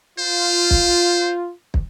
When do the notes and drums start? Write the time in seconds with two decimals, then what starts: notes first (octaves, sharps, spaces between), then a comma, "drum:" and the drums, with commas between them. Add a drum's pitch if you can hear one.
0.19 F4 C5
0.71 drum: kick
1.74 drum: kick